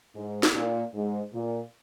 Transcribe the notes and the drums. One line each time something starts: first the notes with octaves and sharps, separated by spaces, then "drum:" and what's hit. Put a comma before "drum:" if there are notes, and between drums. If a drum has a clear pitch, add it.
G#2
drum: snare
A#2
G#2
A#2